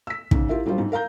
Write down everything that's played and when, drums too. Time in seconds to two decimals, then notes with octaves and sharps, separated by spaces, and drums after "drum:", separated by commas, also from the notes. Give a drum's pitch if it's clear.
0.07 E6 B6
0.31 G#2 C#3, drum: kick
0.49 E4 F4 G4 A#4 E5
0.65 F#3 G3 D4 F4 C5
0.78 G#2
0.92 A#4 F5 A#5 G6